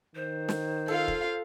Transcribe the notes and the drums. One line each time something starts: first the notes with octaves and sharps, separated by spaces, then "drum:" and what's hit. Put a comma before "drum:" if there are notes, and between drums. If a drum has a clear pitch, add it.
D#3 C5
drum: snare
F4 A4 F5
drum: kick